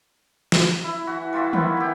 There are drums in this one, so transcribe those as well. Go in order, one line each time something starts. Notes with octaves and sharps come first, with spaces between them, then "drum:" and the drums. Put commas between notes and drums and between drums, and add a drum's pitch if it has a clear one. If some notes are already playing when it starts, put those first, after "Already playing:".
drum: snare
E4
E3 F#4
G3 F4 F#4 E5
D#3 B3 D#4 E4, drum: tom D#3
E4 G4